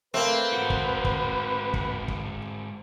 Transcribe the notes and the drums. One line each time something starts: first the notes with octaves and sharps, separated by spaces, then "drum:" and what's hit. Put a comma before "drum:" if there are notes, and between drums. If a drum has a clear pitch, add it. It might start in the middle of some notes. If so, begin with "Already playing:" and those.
A3 A#3 C4 B4
G#2 F#4
drum: kick
drum: kick
drum: kick
drum: kick